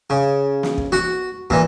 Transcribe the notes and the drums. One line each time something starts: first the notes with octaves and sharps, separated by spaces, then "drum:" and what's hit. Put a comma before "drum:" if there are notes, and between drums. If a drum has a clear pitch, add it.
C#3
drum: snare
drum: kick
F#4, drum: snare
A#2 E3, drum: kick